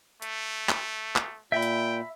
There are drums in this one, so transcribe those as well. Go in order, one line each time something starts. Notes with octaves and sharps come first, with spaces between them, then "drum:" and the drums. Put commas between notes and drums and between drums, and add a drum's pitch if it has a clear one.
A3, drum: hi-hat
drum: clap
drum: clap
A#2 E5 G5 B5
drum: hi-hat